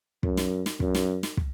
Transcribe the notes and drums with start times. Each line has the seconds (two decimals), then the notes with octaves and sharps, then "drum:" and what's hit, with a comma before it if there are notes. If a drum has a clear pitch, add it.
0.23 F#2, drum: kick
0.37 drum: snare
0.66 drum: snare
0.80 F#2, drum: kick
0.95 drum: snare
1.23 drum: snare
1.37 drum: kick